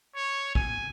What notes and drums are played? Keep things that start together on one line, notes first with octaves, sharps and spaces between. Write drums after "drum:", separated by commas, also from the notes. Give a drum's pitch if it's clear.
C#5
G#5, drum: kick A#1